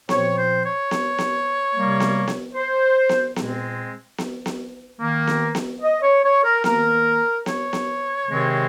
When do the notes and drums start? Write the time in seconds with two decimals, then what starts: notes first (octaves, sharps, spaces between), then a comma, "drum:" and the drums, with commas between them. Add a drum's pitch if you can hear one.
0.09 A#2 F3 C4 C#5, drum: snare B3
0.37 C5
0.64 C#5
0.91 drum: snare B3
1.18 drum: snare B3
1.74 C3 G3 A#3
2.00 drum: snare B3
2.28 drum: snare B3
2.54 C5
3.09 drum: snare B3
3.36 A#2 G#3 C4, drum: snare B3
4.18 drum: snare B3
4.46 drum: snare B3
5.00 D#3 A#3
5.27 drum: snare B3
5.55 drum: snare B3
5.83 D#5
6.02 C#5
6.23 C#5
6.43 A#4
6.64 D#3 A#3 A#4, drum: snare B3
7.46 C#5, drum: snare B3
7.73 drum: snare B3
8.27 C3 D#3 G#3 C4